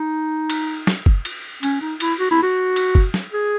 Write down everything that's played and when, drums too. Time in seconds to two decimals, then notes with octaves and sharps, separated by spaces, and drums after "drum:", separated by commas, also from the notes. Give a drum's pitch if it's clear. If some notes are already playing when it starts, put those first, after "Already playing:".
Already playing: D#4
0.50 drum: cymbal
0.87 drum: snare
1.06 drum: kick
1.25 drum: cymbal
1.63 C#4, drum: cymbal
1.81 D#4
2.00 E4, drum: cymbal
2.19 F#4
2.31 E4
2.42 F#4
2.76 drum: cymbal
2.95 drum: kick
3.14 drum: snare
3.33 G#4